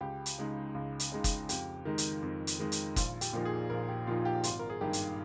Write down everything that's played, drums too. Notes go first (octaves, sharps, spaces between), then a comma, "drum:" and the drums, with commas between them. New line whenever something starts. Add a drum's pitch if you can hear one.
C#2 G4
drum: hi-hat
C#3 G#3 D#4
C#2
drum: hi-hat
C#3 G#3 D#4
drum: kick F#1, hi-hat
F2 G4, drum: hi-hat
D#3 G#3 D#4
drum: hi-hat
F2
drum: hi-hat
D#3 G#3 D#4
drum: hi-hat
A#1 F4, drum: kick F#1, hi-hat
G4, drum: hi-hat
A#2 F3 A#3 D#4
G#4
A#1 A#4
G4
A#2 F3 A#3 D#4 F4
G4
G#1 F4, drum: hi-hat
A#4
G#4
G2 D#3 A#3 D#4 G4
drum: hi-hat